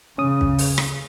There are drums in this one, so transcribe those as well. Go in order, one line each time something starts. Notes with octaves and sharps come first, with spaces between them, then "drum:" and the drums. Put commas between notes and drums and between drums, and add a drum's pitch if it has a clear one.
C#3 C#4 D#6
drum: kick
drum: open hi-hat
drum: rim click